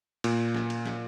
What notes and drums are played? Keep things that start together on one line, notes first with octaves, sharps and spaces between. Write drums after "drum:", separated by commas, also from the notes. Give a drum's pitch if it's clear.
A#2, drum: cymbal
drum: snare
drum: cymbal
drum: snare